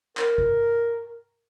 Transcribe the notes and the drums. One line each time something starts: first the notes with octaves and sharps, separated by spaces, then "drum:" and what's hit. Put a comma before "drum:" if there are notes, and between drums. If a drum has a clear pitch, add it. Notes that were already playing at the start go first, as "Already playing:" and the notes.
A#4, drum: clap
drum: kick G#1